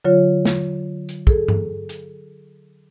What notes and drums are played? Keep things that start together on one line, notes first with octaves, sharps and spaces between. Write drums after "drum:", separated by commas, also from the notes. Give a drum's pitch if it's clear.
D3 F#3 F4 C#5
drum: snare
drum: hi-hat
G#4 A4, drum: kick
drum: tom G2
drum: hi-hat